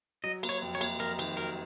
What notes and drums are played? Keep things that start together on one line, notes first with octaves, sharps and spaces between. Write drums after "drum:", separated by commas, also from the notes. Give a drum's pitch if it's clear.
F#3 D#5
A#3, drum: cymbal
C#5
F2
C#5
A#3, drum: cymbal
F2 A#4
D#3, drum: cymbal
F#3 A#4